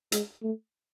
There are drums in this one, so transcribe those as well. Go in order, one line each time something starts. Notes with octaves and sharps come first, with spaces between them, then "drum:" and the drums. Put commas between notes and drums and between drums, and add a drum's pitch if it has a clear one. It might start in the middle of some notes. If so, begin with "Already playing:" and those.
G#3, drum: hi-hat
A3